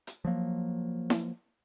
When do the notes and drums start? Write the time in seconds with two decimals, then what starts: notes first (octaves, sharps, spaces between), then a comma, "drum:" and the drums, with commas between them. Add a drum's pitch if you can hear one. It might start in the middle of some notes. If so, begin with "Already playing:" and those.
0.07 drum: hi-hat
0.25 F3 F#3 A#3
1.10 drum: snare E4